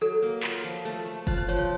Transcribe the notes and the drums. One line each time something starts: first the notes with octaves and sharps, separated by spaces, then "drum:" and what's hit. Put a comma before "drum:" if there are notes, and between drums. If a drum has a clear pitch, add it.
F#3 A4
A#3
F4, drum: clap
F3
A3
A3
F4 C5, drum: kick F1
C5
F3 C#5
C#5